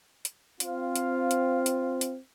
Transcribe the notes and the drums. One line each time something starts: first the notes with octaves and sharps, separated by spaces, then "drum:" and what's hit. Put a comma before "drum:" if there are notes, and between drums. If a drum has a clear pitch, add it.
drum: hi-hat
C4 F4 F5, drum: hi-hat
drum: hi-hat
drum: hi-hat
drum: hi-hat
drum: hi-hat